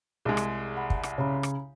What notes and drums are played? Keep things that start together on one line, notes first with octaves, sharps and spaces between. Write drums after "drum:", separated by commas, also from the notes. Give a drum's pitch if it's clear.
C2 G#3 G#4
drum: rim click
F#5 B5
drum: kick
drum: rim click
C#3 C#5 A#5 B5
drum: rim click